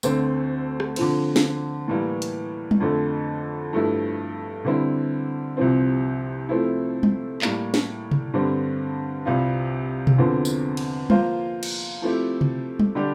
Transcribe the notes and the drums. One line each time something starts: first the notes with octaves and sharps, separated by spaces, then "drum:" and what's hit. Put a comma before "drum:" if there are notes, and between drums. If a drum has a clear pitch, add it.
D2 D3 A3 C4, drum: tambourine
drum: rim click
D3 F3 C4, drum: cymbal
drum: snare
A2 E3 G3 A#3
drum: hi-hat
drum: tom G3
F2 D3 A3
G2 F3 A3 E4
D3 G3 C4 E4
C2 C3 F3 C4
F3 A3 C4 E4
drum: tom G3
A2 G3 A#3, drum: clap
drum: snare
drum: tom C3
G2 D3 G3 C4
C2 C3 G3 C4 F4
drum: tom B2
E2 D3 F3 C4
drum: tambourine
drum: cymbal
F3 A#3 F4 C5, drum: tom G3
drum: cymbal
F3 A3 C4 E4 G4
drum: tom C3
drum: tom G3
D3 G3 D4 G4